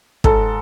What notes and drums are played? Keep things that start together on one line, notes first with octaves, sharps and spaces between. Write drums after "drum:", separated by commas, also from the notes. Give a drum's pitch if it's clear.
G#2 A4, drum: kick